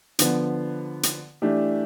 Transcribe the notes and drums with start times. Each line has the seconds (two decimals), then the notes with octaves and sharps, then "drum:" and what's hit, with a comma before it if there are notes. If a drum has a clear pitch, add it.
0.19 D3 F3 B3, drum: hi-hat
1.03 drum: hi-hat
1.42 E3 A3 D4 G4